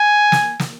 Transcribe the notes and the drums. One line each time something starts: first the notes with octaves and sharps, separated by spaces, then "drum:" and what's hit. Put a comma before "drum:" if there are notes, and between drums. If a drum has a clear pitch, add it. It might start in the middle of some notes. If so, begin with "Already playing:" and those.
Already playing: G#5
drum: snare
drum: snare